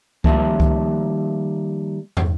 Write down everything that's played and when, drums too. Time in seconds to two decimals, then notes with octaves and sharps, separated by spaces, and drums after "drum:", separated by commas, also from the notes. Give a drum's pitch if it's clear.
0.24 D#3 F3 G3 A#3 E5 A5, drum: kick C#2
0.60 drum: kick C#2
2.17 drum: tom